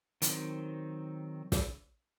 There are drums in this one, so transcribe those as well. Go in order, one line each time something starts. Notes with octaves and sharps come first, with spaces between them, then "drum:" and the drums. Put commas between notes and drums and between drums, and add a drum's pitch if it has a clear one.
D#3 F#3 C4, drum: hi-hat
drum: snare